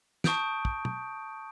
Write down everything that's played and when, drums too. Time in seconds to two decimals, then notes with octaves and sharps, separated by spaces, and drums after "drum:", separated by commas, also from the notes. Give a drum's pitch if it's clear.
0.24 A5 C#6 D#6 G6 D7, drum: snare
0.65 drum: kick
0.85 drum: tom